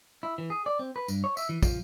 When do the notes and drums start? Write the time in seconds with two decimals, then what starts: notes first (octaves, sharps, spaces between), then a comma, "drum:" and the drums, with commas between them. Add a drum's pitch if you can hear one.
0.23 E4
0.38 E3
0.50 G#4
0.66 D5
0.79 C4
0.96 B4
1.08 G2, drum: tambourine
1.24 C#5
1.37 E5, drum: tambourine
1.49 E3
1.63 F3, drum: kick, tambourine